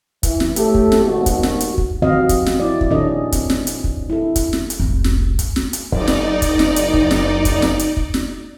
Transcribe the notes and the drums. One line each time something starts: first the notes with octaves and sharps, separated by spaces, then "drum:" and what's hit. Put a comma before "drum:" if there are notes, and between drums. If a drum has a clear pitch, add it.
E3, drum: kick, hi-hat
drum: snare
A2 A3 G4 A4, drum: hi-hat
drum: kick
drum: snare
G#1 D#2 B2 F#4
drum: kick, hi-hat
drum: snare
drum: hi-hat
drum: kick
D#3 F3 C4 F#4 D#5 F5
drum: kick, hi-hat
drum: snare
E4 D5
drum: kick
A#2 D#3 C#4 D4 A4 D#5
C4, drum: kick, hi-hat
drum: snare
drum: hi-hat
drum: kick
E4 A4
drum: kick, hi-hat
drum: snare
drum: hi-hat
F1 C2
drum: snare
drum: kick, hi-hat
drum: snare
drum: hi-hat
F#1 D#4 D5, drum: kick
drum: snare
drum: kick, hi-hat
drum: snare
drum: hi-hat
drum: kick
drum: snare
drum: kick, hi-hat
drum: snare
drum: hi-hat
drum: kick
drum: snare